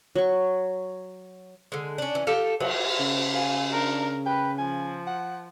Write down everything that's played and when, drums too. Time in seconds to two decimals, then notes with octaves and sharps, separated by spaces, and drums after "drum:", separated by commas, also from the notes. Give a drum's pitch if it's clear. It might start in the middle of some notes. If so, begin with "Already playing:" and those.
0.15 F#3 C#6
1.72 D3 G#3
1.98 C#4 D4
2.15 E3 C#4
2.27 F4 G4 A4
2.60 F#3, drum: cymbal
3.00 C#3
3.35 F5 G#5
3.73 D4 A#4
4.26 B4 G5
4.59 F3 G#5
5.07 F#5